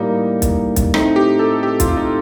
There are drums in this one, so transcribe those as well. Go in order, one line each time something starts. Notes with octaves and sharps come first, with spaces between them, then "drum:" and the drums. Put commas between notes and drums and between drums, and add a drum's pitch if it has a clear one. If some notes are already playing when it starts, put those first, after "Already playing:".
Already playing: A2 G3 A#3 D#4
drum: kick, hi-hat
drum: kick, hi-hat
A2 A3 C4 D#4, drum: rim click
G4
A4
G4
F4, drum: kick, hi-hat
D#4